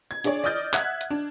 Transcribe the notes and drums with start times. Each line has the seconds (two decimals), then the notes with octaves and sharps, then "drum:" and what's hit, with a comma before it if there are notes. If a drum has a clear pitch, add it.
0.11 G#6
0.24 D4 G#4 C#5 D5, drum: hi-hat
0.44 D5 D#5 D#6 F6 G6 A6
0.74 E5 F#5 F#6 G#6, drum: clap
1.01 drum: hi-hat
1.10 D4